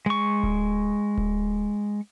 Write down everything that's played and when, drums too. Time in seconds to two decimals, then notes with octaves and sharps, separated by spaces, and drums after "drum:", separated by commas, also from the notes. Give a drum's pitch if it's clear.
0.06 G#3 C#6
0.43 drum: kick D1
1.17 drum: kick D1